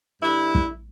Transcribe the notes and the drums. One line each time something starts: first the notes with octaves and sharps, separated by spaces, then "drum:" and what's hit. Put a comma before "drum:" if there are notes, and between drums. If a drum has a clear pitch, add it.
G2 D3 E4
drum: kick